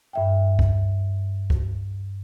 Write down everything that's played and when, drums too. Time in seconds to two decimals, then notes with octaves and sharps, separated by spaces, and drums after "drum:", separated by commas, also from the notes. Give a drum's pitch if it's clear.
0.13 G2 E5 G5
0.59 drum: kick C2
1.50 drum: kick C2